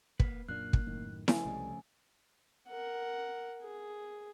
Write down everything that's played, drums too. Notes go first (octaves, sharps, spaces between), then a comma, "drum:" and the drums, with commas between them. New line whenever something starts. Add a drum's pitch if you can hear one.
A#3 B4, drum: kick
F#2 A#2 A#3 D4 F#6
drum: kick
F#2 A2 D#3
F2 C#3 A3 B3 G#5, drum: snare E4
C2 G3 G#3
A#4 F#5
G#4